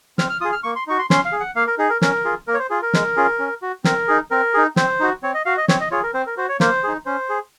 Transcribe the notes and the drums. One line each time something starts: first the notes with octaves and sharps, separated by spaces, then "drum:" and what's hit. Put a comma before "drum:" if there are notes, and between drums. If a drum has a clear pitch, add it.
C4 F6, drum: snare
F6
F4 G#4 D#6
F6
A#3 C#6
C6
D#4 F#4 C#6
C6
C#4 C6, drum: snare
F5
G#4
F#5
A#3 F5
A#4
D#4 G#4
A#4
C#4 A#4, drum: snare
F4 G#4
A#3 A#4
C#5
C5
F4 G#4
A#4
G#3, drum: snare
C#4 F4 G#4
C#4
F#4
C4 A#4, drum: snare
D#4 G#4
C4 A#4
D#4 G#4
C4 C5, drum: snare
D#4 F#4
C4 C#5
D#5
F#4 F5
D#5
C4 C#5, drum: snare
D#5
F4 G#4 C#5
A#4
C4 C5
A#4
F#4 C5
C#5
A#3 C5, drum: snare
D#4 G#4
C#4 C5
G#4